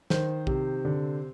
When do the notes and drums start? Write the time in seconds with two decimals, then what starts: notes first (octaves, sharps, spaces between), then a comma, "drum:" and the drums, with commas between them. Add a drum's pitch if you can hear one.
0.10 D#3 C5, drum: snare
0.47 C3, drum: kick A#1
0.85 D3